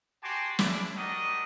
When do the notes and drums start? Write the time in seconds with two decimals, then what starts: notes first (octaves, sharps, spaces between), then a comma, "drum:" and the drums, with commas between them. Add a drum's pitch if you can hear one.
0.23 F#4 G4 G#5 A5 C6 D6
0.59 D4 E4, drum: snare
0.97 D4 D#4 F#4 G4 A#4 D#5